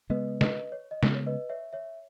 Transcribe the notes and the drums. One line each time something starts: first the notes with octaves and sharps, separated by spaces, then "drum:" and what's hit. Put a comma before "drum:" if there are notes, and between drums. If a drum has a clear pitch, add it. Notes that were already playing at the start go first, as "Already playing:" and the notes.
C#3 G#3 B3 B4 D#5
B4 D#5, drum: snare
C#5
D#5
C#3 G#3 B3 C#5, drum: snare
C#5
B4 D#5
C#5 E5
C#5 E5